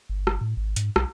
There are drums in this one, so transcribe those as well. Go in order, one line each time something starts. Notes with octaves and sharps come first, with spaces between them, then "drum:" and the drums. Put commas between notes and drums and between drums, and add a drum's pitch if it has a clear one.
G1
drum: rim click
A2
G#1
G#2, drum: hi-hat
B1, drum: rim click